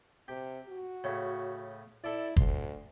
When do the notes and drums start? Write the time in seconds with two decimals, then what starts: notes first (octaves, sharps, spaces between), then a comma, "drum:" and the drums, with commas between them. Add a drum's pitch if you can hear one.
0.28 C3 G4
0.68 F#4
1.04 A2 C#3 C#5
2.04 E4 A4 D5
2.36 D2 C6, drum: kick